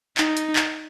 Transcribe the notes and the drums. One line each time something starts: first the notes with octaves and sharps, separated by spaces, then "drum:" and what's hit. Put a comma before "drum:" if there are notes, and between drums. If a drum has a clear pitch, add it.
D#4, drum: clap
drum: hi-hat
drum: clap